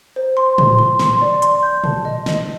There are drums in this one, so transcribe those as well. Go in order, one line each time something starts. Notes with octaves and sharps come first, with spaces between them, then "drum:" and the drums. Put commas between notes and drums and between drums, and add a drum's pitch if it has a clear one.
C5
C6
C6, drum: tom
C6
C6, drum: snare
D5
C6, drum: hi-hat
G6
A5, drum: tom A#2
D#5
D#5, drum: snare